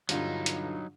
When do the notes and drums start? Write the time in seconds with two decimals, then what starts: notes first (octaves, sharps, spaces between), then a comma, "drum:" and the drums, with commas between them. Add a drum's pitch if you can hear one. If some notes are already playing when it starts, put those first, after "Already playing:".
0.09 G2 D3 F#3 D#4 F4, drum: hi-hat
0.46 drum: hi-hat